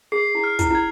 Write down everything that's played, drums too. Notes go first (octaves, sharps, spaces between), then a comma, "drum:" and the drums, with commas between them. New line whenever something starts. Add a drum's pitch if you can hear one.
G#4 C7
E4
F6
E4, drum: kick, hi-hat
E4 G#6